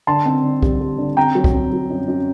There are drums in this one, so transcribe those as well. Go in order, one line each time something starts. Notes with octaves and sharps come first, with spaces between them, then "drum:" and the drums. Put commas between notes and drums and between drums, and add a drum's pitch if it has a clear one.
D3 A5 C6
C4
D3
G3, drum: kick
G3
D3
C4 G5 A#5
F#3
drum: kick
C4
F#3
F#2
F#2